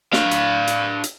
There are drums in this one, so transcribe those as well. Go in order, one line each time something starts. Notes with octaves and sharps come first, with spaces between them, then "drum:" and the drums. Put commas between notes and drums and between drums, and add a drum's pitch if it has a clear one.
D4 F5, drum: snare
drum: hi-hat
drum: hi-hat
drum: hi-hat